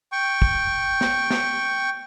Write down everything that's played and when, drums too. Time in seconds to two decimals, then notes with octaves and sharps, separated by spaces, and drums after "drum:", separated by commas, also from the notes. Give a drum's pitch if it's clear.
0.12 G5 C#6
0.42 drum: kick
1.01 drum: snare
1.30 drum: snare